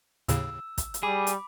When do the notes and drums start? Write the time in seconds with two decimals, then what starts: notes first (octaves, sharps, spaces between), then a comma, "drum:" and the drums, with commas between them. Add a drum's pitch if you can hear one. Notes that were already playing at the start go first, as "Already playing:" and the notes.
0.29 D#2 A2 C#3 E6, drum: hi-hat
0.78 drum: kick, hi-hat
0.94 drum: hi-hat
1.03 G3 G#4 B5 D6
1.27 drum: hi-hat